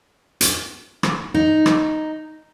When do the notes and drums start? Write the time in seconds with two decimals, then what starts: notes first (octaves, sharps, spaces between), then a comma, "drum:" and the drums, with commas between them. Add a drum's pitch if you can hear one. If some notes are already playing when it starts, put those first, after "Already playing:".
0.41 drum: hi-hat
1.03 drum: rim click
1.34 D#4
1.66 drum: rim click